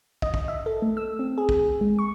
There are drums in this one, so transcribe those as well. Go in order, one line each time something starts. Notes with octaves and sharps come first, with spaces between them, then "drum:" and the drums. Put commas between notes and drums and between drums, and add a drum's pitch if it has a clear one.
D#5, drum: kick
drum: kick
E5
A4
A3
E6
C4
G#4
drum: kick
G#3
C#6